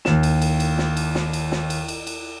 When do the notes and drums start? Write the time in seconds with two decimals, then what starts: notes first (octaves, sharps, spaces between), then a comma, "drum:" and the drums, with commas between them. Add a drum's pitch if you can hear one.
0.05 D#2 E7, drum: snare
0.23 drum: cymbal
0.42 drum: cymbal
0.60 drum: cymbal
0.78 drum: snare
0.97 drum: cymbal
1.15 drum: snare
1.33 drum: cymbal
1.52 drum: snare
1.70 drum: cymbal
1.88 drum: cymbal
2.07 drum: cymbal